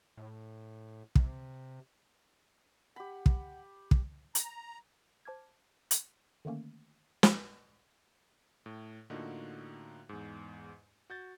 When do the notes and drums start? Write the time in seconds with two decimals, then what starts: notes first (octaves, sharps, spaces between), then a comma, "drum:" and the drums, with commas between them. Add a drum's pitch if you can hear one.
0.17 A2
1.15 C3, drum: kick
2.96 G4 F#5 B5
3.26 drum: kick
3.91 drum: kick
4.35 A#5, drum: hi-hat
5.25 C5 A5 D6 F6 G#6
5.91 drum: hi-hat
6.45 D3 D#3 A3 A#3 C#4
7.23 drum: snare
8.66 A2
9.10 A2 D3 A#3 D#4 F4 F#4
10.09 E2 G#2
11.10 F#4 G6 A6